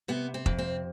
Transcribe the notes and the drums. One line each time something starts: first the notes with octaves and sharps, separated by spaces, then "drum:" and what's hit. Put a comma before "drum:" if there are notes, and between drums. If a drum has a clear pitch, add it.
C3 B3
C4
F2, drum: kick
C4